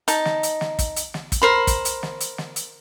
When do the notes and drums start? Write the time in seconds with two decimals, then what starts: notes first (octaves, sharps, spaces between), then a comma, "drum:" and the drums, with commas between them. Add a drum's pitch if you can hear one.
0.08 D#4 A5, drum: hi-hat
0.25 drum: snare
0.43 drum: hi-hat
0.61 drum: snare
0.79 drum: kick, hi-hat
0.96 drum: hi-hat
1.14 drum: snare
1.32 drum: kick, hi-hat
1.42 A#4 C5 B5
1.67 drum: kick, hi-hat
1.85 drum: hi-hat
2.03 drum: snare
2.20 drum: hi-hat
2.38 drum: snare
2.56 drum: hi-hat